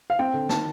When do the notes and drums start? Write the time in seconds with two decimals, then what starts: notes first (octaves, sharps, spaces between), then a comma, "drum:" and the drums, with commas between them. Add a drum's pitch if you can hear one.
0.10 F5
0.19 C4 G5
0.34 D3
0.49 D#3 A5, drum: snare